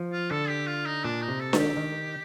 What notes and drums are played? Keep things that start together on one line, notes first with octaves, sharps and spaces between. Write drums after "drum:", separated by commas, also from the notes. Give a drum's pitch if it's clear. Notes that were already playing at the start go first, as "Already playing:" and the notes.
Already playing: F3
F4
D3 A4
G4
F4
D#4
A#2 D4
D#4
C3
A4
D#3, drum: snare D4
G4
D#3